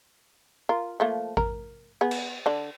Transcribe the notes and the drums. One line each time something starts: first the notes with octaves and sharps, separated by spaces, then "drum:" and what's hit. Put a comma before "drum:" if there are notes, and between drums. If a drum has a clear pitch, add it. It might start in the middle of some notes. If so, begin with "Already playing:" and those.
F4 A#4
F3 A3 A#3
A#4, drum: kick A1
B3 G#4
drum: cymbal
D3 D4